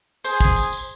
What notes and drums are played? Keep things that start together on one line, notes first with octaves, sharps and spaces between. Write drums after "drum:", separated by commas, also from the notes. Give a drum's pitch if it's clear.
G#4 C5, drum: tambourine
drum: kick, tambourine
drum: tambourine
drum: tambourine